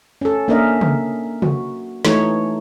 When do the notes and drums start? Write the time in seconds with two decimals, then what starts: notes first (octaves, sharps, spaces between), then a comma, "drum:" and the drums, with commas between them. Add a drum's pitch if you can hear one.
0.21 C#4 A4
0.48 A#3 C#4 D4 A#4 D#5 E5
0.81 drum: tom
1.42 F#4, drum: tom
2.05 E3 A3 D#4 C#5, drum: snare